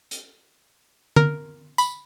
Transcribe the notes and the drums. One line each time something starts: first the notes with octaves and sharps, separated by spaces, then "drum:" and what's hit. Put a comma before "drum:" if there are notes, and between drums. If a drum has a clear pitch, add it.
drum: hi-hat
A#4, drum: tom D3
B5, drum: tambourine